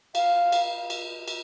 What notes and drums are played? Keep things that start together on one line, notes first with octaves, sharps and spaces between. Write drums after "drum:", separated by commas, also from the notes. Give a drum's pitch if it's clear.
F5, drum: cymbal
drum: cymbal
drum: cymbal
drum: cymbal